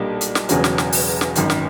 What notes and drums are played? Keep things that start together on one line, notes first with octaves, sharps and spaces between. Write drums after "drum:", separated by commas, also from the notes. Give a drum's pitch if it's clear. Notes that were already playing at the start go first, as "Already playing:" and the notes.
Already playing: B1 A#2 G3 A#3 D4
drum: hi-hat
drum: snare
E1 E2 C#3 F#3, drum: hi-hat
drum: snare
drum: snare
drum: open hi-hat
drum: snare
G#1 F#2 D#3, drum: hi-hat
drum: snare